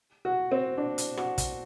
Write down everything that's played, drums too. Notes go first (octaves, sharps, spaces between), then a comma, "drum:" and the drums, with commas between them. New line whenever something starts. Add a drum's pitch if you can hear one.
F#4
C4
D4
drum: hi-hat
F#4, drum: rim click
drum: kick, hi-hat